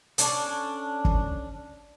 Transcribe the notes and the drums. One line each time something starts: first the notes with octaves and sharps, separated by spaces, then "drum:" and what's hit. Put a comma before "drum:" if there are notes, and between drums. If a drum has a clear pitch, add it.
C#4 D4 A4, drum: hi-hat
drum: kick